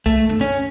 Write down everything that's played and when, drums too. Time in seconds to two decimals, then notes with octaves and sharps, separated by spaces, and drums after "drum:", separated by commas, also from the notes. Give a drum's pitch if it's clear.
0.06 A3, drum: kick C2, hi-hat
0.29 drum: tom
0.41 C#4
0.52 drum: hi-hat